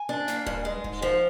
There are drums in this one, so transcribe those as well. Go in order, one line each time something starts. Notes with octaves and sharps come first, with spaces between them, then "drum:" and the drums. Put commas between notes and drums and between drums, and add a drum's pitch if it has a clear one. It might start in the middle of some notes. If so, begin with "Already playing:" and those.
Already playing: G#5
D4
A#3, drum: snare
G2, drum: kick D#1
G#3
G#2, drum: kick D#1
F3